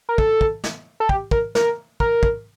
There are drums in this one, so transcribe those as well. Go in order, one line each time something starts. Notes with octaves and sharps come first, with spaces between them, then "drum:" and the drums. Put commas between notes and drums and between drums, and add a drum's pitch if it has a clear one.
A#4
A4, drum: kick
drum: kick
drum: snare
A4
G4, drum: kick
A#4, drum: kick
A#4, drum: snare
A#4, drum: kick
drum: kick